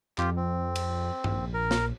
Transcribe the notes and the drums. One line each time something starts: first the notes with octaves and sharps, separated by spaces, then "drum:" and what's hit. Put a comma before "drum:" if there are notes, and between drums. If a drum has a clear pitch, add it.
F2 F4 G4, drum: clap
C4
drum: cymbal
A#1, drum: tom G2
A#4
drum: snare